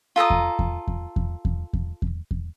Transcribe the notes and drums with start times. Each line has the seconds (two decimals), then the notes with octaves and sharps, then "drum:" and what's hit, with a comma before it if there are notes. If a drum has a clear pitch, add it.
0.16 F4 A4 A#5 D#6
0.30 drum: kick E2
0.59 drum: kick E2
0.88 drum: kick E2
1.16 drum: kick E2
1.45 drum: kick E2
1.73 drum: kick E2
2.02 drum: kick E2
2.31 drum: kick E2